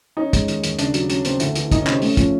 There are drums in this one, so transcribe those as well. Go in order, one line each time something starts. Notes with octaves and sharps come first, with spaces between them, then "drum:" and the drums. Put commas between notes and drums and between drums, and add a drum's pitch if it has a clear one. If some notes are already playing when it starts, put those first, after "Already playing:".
C#4 D#4
G#3, drum: kick, hi-hat
D#2, drum: hi-hat
D#2, drum: hi-hat
C#3 D4, drum: hi-hat
F#3, drum: hi-hat
F#3 C#4, drum: hi-hat
C#3 C4, drum: hi-hat
D2 E4, drum: hi-hat
E3, drum: hi-hat
E3 D#4, drum: kick, hi-hat
C#4
C3, drum: clap
C4
A3 C#4, drum: open hi-hat
F3 C#4, drum: kick, hi-hat